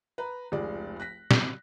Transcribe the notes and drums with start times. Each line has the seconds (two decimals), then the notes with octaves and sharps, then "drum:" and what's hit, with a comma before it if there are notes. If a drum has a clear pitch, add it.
0.18 B4 A#5
0.52 F1 C#2 G#4 D5
1.00 F#6 A#6 B6
1.31 drum: snare